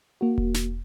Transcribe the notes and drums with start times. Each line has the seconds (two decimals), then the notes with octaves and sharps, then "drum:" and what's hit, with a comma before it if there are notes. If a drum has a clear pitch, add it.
0.21 A#3 F#4
0.38 drum: kick E1
0.54 drum: snare